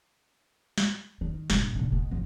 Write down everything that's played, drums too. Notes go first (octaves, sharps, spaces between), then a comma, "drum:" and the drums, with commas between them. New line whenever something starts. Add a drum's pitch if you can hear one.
drum: snare
D#3
A#1 G2, drum: snare
A#2 D3
G#3 B3
G1 F3